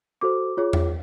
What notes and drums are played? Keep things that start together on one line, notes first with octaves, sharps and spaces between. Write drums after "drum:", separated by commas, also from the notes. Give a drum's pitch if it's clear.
F#4 A4 C5 D6
F4 G#4 C#5
drum: tom E2